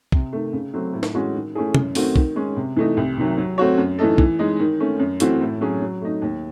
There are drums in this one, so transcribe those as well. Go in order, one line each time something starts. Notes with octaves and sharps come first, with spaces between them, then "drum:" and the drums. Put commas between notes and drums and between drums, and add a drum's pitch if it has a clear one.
C3, drum: kick
D#3 A3
C#3
F#3 A3 C4
A2
drum: snare D#4
E3 G#3 C#4 F#4
D#3
A3 C#4 E4 G#4
F#2, drum: tom
D#3 A3 C4 F#4, drum: open hi-hat
D#3, drum: kick
G#3 C#4
C3
E3 A3 D#4
C2
C3 D#3 F#3
F#3
A3 C4 F#4 C#5
F#2
E3 A3 D#4 A4
E3, drum: kick
G#3 D#4
D#3
A3 C#4
F#2
E3 A3 C4 F#4, drum: hi-hat
A2
F#3 C#4 G#4
F#3
A3 D#4
D#2